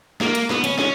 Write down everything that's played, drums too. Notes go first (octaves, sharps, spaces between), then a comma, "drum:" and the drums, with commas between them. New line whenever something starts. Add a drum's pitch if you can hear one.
A#3, drum: snare
drum: hi-hat
B3, drum: snare
C#4, drum: hi-hat
C#4, drum: snare